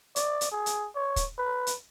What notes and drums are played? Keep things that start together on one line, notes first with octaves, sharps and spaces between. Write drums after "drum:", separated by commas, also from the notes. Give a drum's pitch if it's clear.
D5, drum: hi-hat
drum: hi-hat
G#4
drum: hi-hat
C#5
drum: kick, hi-hat
B4
drum: hi-hat